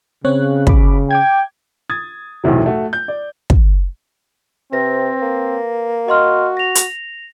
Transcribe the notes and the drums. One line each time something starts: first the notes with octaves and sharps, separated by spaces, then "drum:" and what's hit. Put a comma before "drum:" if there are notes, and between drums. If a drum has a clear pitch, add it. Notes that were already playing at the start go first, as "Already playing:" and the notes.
C#3 C4 C#5 F#6
B5 D6, drum: kick
G5 D6 G#6
D#6 G#6 A6
B1 E2 A2 C3 F#3
A3 F#4
G6
D5
drum: kick
C3 C4 B4 A#6
A#3
F#4 D#5 C6 F6
A#6 F7
drum: hi-hat